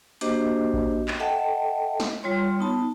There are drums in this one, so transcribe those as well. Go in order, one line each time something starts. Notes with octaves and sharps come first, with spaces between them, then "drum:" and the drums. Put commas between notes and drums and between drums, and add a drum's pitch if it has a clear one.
A#3 D4 F#4 G4 C5 D#5, drum: hi-hat
drum: kick A#1
drum: clap
A4 D#5 E5 F#5 G5 A5
drum: snare
G3 F4 C#5 C6
B3 D#4 A5